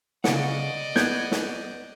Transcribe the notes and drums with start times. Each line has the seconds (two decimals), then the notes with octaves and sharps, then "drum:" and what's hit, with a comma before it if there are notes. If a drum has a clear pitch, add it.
0.24 C#3 D5 D#5 F#5, drum: snare
0.96 B3 G6 G#6, drum: snare
1.31 drum: snare